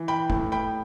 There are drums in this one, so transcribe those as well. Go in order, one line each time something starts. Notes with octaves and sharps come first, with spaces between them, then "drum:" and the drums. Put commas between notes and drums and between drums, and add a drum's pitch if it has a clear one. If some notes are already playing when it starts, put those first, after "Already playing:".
Already playing: E3
G5 B5
A2, drum: kick
G5 B5